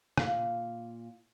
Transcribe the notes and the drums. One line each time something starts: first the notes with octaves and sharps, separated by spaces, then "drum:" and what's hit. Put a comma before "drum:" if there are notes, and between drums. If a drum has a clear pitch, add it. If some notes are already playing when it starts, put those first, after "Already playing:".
A#2 F5, drum: rim click